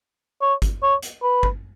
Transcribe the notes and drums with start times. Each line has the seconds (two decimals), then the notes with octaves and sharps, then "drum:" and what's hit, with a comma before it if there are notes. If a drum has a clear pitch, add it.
0.41 C#5
0.62 drum: kick, hi-hat
0.82 C#5
1.03 drum: hi-hat
1.23 B4
1.43 drum: kick